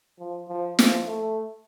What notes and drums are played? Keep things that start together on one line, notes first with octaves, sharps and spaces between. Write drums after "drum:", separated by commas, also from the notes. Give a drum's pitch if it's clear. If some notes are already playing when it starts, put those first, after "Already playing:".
F3
F3
F3, drum: snare
A3